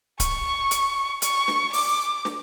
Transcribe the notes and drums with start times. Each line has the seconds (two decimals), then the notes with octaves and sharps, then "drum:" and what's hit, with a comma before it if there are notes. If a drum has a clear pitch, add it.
0.20 C#6, drum: kick C#1, hi-hat
0.71 drum: hi-hat
1.22 C#6, drum: hi-hat
1.48 drum: snare
1.73 D6, drum: open hi-hat
2.25 drum: snare